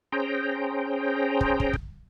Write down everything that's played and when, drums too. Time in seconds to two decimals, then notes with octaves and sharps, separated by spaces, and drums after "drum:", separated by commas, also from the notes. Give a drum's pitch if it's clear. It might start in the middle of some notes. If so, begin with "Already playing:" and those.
0.12 C#4 G#4 C5 G5 A#5
1.41 drum: kick
1.60 drum: kick
1.73 drum: kick